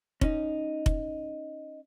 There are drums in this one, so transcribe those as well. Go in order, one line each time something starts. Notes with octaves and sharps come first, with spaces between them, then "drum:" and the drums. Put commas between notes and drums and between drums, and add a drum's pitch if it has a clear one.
C#4 D#4, drum: kick F1
drum: kick F1